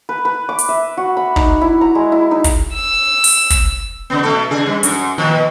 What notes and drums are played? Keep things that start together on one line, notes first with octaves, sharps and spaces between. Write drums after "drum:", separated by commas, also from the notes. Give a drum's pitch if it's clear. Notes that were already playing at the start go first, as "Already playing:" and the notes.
B4
B4
D6
drum: hi-hat
E5
F#4
B5
D#4, drum: kick
E4
A#5
G#3
E4
D#4
drum: kick, hi-hat
E6
drum: open hi-hat
drum: kick, hi-hat
C#3 B3
B2 A3 A4
C#3 G#4
G2
F#2, drum: hi-hat
A#2 D#3 F3